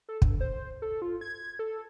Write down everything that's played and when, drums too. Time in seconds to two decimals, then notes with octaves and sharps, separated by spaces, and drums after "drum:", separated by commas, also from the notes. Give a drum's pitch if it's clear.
0.09 A4
0.22 G2, drum: kick
0.41 C5
0.82 A4
1.02 F4
1.21 G#6
1.59 A4